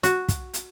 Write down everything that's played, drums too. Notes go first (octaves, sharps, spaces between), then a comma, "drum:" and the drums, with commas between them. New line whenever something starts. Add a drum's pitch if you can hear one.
F#4, drum: hi-hat
drum: kick, hi-hat
drum: hi-hat